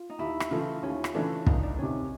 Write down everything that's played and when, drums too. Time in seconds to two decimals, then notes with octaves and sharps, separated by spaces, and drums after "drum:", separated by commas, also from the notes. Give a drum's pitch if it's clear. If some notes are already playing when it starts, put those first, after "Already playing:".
Already playing: F4
0.10 D#4
0.19 D#2 E4
0.40 drum: rim click
0.51 C#3 E3 A3 F4
0.83 D#2 C#4
1.04 drum: rim click
1.14 C#3 E3 A3 D4
1.46 C#2 D#4, drum: kick
1.63 D4
1.78 C3 D#3 C#4